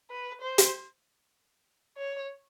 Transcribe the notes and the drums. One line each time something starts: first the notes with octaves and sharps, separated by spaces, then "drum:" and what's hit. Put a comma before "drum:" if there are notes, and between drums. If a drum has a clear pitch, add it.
B4
C5
drum: hi-hat
C#5